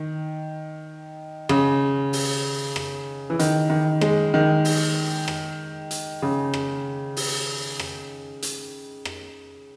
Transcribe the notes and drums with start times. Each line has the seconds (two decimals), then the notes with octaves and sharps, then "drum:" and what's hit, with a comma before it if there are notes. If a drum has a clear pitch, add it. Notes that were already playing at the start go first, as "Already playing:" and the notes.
Already playing: D#3
1.49 C#3, drum: rim click
2.13 drum: open hi-hat
2.76 drum: rim click
3.30 E3
3.39 D#3, drum: hi-hat
3.70 D#3
4.01 G#3, drum: rim click
4.34 D#3
4.65 drum: open hi-hat
5.28 drum: rim click
5.91 drum: hi-hat
6.22 C#3
6.54 drum: rim click
7.17 drum: open hi-hat
7.79 drum: rim click
8.42 drum: hi-hat
9.05 drum: rim click